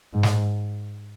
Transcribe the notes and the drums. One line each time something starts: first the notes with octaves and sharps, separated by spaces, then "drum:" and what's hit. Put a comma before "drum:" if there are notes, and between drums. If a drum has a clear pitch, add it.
G#2
drum: snare